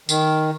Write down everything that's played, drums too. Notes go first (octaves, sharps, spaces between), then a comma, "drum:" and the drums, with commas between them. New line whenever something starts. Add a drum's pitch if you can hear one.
D#3, drum: tambourine